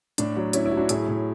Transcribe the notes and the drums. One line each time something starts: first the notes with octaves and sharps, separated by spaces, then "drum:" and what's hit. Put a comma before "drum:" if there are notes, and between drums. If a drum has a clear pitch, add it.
A2 D4, drum: hi-hat
F#3
F#3 C#4 E4, drum: hi-hat
C#4 E4
F#3
D4 F#4
A2 E4 G#4, drum: hi-hat
A2